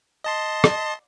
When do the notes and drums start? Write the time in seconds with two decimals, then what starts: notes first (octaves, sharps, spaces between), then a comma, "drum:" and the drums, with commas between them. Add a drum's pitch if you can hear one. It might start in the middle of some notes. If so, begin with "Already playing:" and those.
0.24 D#5 A5 C6
0.64 drum: rim click